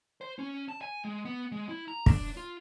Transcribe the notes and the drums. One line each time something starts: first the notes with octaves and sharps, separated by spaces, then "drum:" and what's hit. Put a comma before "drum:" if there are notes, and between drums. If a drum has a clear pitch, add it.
C5
C#4
A5
G#5
G#3
B3
G#3
E4
A#5
D4, drum: kick
F4